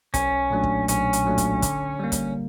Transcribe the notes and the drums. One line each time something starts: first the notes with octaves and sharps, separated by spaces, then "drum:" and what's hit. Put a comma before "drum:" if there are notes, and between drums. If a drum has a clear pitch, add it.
B1 C#4, drum: kick, hi-hat
A#2 F#3 A3 D4
drum: kick
B1 C#4, drum: hi-hat
drum: hi-hat
A#2 F#3 A3 D4
drum: kick, hi-hat
D3, drum: kick, hi-hat
G3 A#3
drum: kick, hi-hat